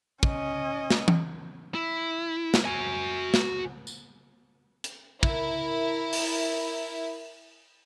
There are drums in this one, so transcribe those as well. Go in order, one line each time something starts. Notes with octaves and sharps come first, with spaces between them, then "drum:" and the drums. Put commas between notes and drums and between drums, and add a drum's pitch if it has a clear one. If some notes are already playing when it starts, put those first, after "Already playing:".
C#4 D#5, drum: kick
drum: snare
drum: tom E3
E4
drum: snare
F#4 G#5
drum: snare
drum: tambourine
drum: hi-hat
E4 A#4, drum: kick
drum: open hi-hat